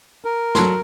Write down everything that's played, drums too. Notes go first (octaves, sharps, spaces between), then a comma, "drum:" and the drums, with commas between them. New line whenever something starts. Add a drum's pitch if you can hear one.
A#4
F#3 A4 C6, drum: snare